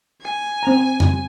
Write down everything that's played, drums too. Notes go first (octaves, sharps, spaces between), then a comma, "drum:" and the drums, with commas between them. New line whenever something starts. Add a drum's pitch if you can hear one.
G#5
C4 A#5
drum: tom F2